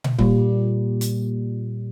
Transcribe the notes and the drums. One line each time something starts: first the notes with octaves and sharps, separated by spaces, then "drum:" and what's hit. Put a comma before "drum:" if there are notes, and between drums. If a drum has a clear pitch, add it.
drum: tom A#2
A#2 G3, drum: kick C#1
drum: hi-hat